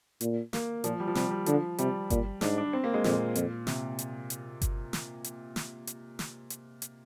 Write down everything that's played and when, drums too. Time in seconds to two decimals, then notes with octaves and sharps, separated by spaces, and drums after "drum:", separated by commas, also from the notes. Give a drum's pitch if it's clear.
0.21 A#2, drum: hi-hat
0.53 A#3, drum: snare
0.84 A#2 F3, drum: hi-hat
1.00 G3
1.08 F3
1.15 C3 G3, drum: snare
1.31 G3
1.46 D3 F3, drum: hi-hat
1.78 C3 G3, drum: hi-hat
2.10 A#2, drum: kick G1, hi-hat
2.41 G#2 D4, drum: snare
2.58 D4
2.73 C4
2.84 A#3
2.94 G#3
3.04 F2 A#2, drum: snare
3.35 F2, drum: hi-hat
3.67 C3, drum: snare
3.99 drum: hi-hat
4.30 drum: hi-hat
4.62 drum: kick G1, hi-hat
4.93 drum: snare
5.24 drum: hi-hat
5.56 drum: snare
5.87 drum: hi-hat
6.19 drum: snare
6.50 drum: hi-hat
6.82 drum: hi-hat